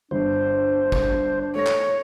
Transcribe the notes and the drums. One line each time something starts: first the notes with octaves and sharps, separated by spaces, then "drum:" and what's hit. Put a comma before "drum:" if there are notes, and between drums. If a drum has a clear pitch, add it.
G1 D4 C5
drum: kick G#1
A3 C#5 A#6
drum: clap